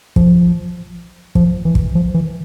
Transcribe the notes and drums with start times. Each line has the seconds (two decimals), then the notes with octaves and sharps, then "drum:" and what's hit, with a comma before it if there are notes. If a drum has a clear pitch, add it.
0.16 F3, drum: kick
1.35 F3, drum: kick
1.65 E3
1.75 drum: kick
1.95 F3
2.14 E3